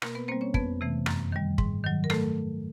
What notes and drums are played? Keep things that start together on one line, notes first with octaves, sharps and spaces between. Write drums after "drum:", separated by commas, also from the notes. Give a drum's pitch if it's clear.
B2 A#3 A#4, drum: rim click
B3 B4
G3 A#3 C4 C5
C#4 C#5
F2 B3 B4, drum: kick
C3 E3 A3
F#2, drum: rim click
D#3 G3
G#2, drum: kick
D#3 F#3
A#4
A3 A4, drum: rim click